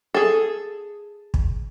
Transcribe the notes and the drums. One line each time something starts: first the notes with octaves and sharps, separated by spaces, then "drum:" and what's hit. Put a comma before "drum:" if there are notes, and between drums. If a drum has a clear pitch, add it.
G#4 A4
drum: kick